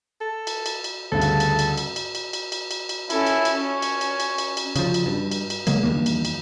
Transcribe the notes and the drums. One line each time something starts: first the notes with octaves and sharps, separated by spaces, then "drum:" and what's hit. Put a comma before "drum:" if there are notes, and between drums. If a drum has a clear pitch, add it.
A4
drum: cymbal
drum: cymbal
drum: cymbal
D2 G2 C#3 A4
drum: cymbal
drum: cymbal
drum: cymbal
drum: cymbal
drum: cymbal
drum: cymbal
drum: cymbal
drum: cymbal
drum: cymbal
drum: cymbal
C#4 E4 A4, drum: cymbal
drum: cymbal
drum: cymbal
C#4 C#5
drum: cymbal
drum: cymbal
drum: cymbal
drum: cymbal
drum: cymbal
C#3 F3, drum: cymbal
drum: cymbal
G2
drum: cymbal
drum: cymbal
C#3 F#3 G#3 A#3, drum: cymbal
E2 G2 D#3 A#3
drum: cymbal
drum: cymbal